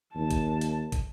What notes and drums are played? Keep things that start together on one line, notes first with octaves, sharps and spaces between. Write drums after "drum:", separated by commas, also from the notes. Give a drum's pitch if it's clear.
D#2 A5
drum: kick, hi-hat
drum: hi-hat
drum: kick, hi-hat